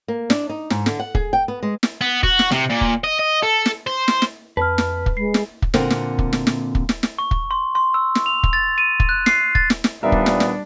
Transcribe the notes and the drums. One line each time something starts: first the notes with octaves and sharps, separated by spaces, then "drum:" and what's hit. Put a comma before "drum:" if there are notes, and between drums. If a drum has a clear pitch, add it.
A#3
D4, drum: snare
D#4
G#2, drum: snare
D3, drum: snare
F#5
G#4, drum: kick
G5
B3
G#3
drum: snare
B3
F#4, drum: kick
drum: snare
C3, drum: snare
A#2
drum: kick
D#5
D#5
A4
drum: snare
C5
drum: snare
drum: snare
F2 B4 A5 F6
drum: snare
drum: kick
G#3 C7
drum: snare
drum: kick
A#2 D3 C4 A#4 F#5, drum: snare
drum: snare
drum: kick
drum: snare
drum: snare
drum: kick
drum: snare
drum: snare
C#6
drum: kick
C6
C6
E6
drum: snare
F7
drum: kick
A6
D#7
drum: kick
F#6
C7, drum: snare
A6, drum: kick
drum: snare
drum: snare
D#2 A#2 G3 B3 D4 A#4 E5
drum: kick
drum: snare
drum: snare